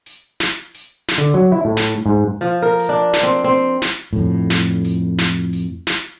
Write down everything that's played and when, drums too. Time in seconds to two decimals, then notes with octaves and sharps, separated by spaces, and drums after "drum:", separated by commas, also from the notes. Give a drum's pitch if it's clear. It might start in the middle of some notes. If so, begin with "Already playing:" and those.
0.06 drum: hi-hat
0.40 drum: snare
0.74 drum: hi-hat
1.09 drum: snare
1.18 D3
1.34 F#3
1.52 E4
1.65 A2
1.77 drum: snare
2.06 G#2
2.41 F3
2.62 A#4
2.79 drum: hi-hat
2.89 D4
3.14 drum: snare
3.23 C4
3.44 C4
3.82 drum: snare
4.13 F2 A2
4.50 drum: snare
4.84 drum: hi-hat
5.19 drum: snare
5.53 drum: hi-hat
5.87 drum: snare